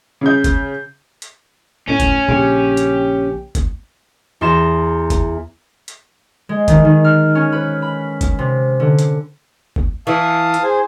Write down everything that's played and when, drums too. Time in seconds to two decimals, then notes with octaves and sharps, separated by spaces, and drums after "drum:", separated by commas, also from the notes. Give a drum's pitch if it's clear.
0.21 C#3 G6
0.44 drum: kick G1, hi-hat
1.22 drum: hi-hat
1.89 A2 C#4
2.00 drum: kick G1, hi-hat
2.28 A#1 C#3 G4
2.77 drum: hi-hat
3.55 drum: kick G1, hi-hat
4.41 E2 A#5 C6 A6 A#6 E7
5.10 drum: kick G1, hi-hat
5.88 drum: hi-hat
6.49 G#3
6.68 D#3, drum: kick G1, hi-hat
6.85 D#3
7.04 F6
7.35 C#4
7.52 B4
7.82 B5
8.21 drum: kick G1, hi-hat
8.39 C3
8.80 D3
8.99 drum: hi-hat
9.76 drum: kick G1
10.07 E3 F5 A5 D#6
10.54 drum: hi-hat
10.63 G#4 C5